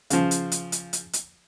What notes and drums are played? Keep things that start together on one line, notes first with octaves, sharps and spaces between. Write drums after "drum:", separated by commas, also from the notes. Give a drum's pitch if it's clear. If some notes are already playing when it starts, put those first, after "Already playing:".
C#3 F3, drum: hi-hat
drum: hi-hat
drum: hi-hat
drum: hi-hat
drum: hi-hat
drum: hi-hat